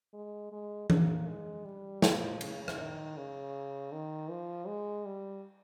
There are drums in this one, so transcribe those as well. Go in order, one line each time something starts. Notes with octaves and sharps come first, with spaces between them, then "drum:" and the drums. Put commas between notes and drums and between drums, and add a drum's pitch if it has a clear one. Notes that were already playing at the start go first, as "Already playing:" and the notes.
G#3
G#3
A#3, drum: tom E3
G#3
G3
F3, drum: snare
C#3, drum: cymbal
drum: rim click
D#3
C#3
D#3
F3
G#3
G3